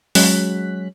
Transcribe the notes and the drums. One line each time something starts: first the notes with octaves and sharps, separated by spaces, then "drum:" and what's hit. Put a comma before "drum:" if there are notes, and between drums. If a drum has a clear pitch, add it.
F#3 G#3 C#4 F#6 B6, drum: open hi-hat